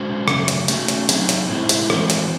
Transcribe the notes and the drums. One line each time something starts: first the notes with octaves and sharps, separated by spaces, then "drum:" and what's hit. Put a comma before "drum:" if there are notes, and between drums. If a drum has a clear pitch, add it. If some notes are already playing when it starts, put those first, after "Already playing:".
Already playing: G#3 C#4 F#4 C5
C#3 F#3 A3, drum: rim click
drum: hi-hat
A3 C#4 F#4, drum: hi-hat
drum: hi-hat
F#3 C4 D#4 G#4, drum: hi-hat
drum: hi-hat
A2 G#3 C#4 E4 C5
drum: hi-hat
E3 G#3 C4 F#4 C5, drum: rim click
drum: hi-hat